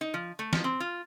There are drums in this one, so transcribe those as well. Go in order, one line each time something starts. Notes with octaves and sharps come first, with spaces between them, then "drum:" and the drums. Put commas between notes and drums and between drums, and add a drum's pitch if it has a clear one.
D#4
F3
A3
F3, drum: snare
C4
F4